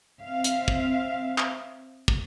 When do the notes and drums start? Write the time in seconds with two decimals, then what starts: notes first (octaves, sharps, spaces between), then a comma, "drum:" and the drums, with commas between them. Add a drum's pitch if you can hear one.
0.21 C4 E5 F5
0.44 drum: hi-hat
0.68 drum: kick
1.38 drum: clap
2.08 drum: kick